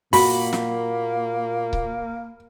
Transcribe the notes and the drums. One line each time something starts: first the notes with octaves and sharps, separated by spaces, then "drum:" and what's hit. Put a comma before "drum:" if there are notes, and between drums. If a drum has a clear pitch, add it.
A#2 A#3 F#4 B5, drum: open hi-hat
drum: snare
drum: kick C#1